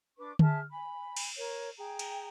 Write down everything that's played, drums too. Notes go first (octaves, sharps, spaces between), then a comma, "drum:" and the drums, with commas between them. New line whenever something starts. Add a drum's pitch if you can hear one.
D4 B4 C#6 D6
G#4 E5 A5 F6, drum: tom D3
G#5 B5
drum: cymbal
A#4 C#5
G#4 G5 A#5
drum: cymbal